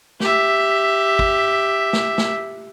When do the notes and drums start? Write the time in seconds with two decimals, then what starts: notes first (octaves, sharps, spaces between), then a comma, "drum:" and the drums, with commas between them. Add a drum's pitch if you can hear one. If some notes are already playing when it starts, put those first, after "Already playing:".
0.20 G4 E5, drum: snare
1.19 drum: kick
1.93 drum: snare
2.18 drum: snare